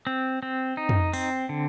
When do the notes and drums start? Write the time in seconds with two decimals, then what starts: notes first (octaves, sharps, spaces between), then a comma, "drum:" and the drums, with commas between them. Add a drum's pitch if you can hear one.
0.07 C4
0.43 C4
0.77 D#4
0.89 drum: tom F2
1.13 C4, drum: open hi-hat
1.49 D3